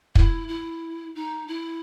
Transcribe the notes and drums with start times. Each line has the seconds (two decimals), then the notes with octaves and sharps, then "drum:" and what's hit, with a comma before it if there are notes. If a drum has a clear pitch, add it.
0.15 E4, drum: kick
0.48 E4
1.15 D#4
1.48 E4